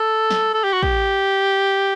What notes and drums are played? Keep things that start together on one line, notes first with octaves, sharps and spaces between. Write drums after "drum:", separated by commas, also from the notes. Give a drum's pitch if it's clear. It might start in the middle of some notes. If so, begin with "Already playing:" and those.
Already playing: A4
drum: snare
A4
G4
F#4
G4, drum: kick